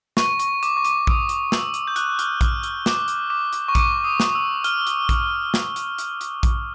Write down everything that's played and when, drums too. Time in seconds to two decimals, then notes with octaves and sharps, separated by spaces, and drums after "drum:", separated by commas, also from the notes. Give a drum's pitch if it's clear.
0.17 C#6, drum: snare
0.40 C#6, drum: hi-hat
0.63 D6, drum: hi-hat
0.77 C#6
0.85 D6, drum: hi-hat
1.07 D#6, drum: kick A#1
1.29 drum: hi-hat
1.52 E6, drum: snare
1.74 drum: hi-hat
1.87 G6
1.96 F#6, drum: hi-hat
2.19 F6, drum: hi-hat
2.41 F6, drum: kick A#1, hi-hat
2.63 F6, drum: hi-hat
2.86 D6, drum: snare
3.08 drum: hi-hat
3.30 D6
3.53 drum: hi-hat
3.68 C#6
3.75 D6, drum: kick A#1, hi-hat
4.04 D#6
4.20 drum: snare
4.35 E6
4.64 F6, drum: hi-hat
4.87 drum: hi-hat
5.09 drum: kick A#1, hi-hat
5.54 drum: snare
5.76 drum: hi-hat
5.98 drum: hi-hat
6.21 drum: hi-hat
6.43 drum: kick A#1, hi-hat